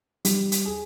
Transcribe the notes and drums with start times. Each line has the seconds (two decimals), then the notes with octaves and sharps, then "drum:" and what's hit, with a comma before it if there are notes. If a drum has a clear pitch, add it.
0.25 G3, drum: hi-hat
0.52 drum: hi-hat
0.65 G#4